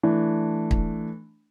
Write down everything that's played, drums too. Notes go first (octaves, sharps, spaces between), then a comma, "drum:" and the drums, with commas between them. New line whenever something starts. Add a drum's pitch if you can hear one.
E3 A3 D4
drum: kick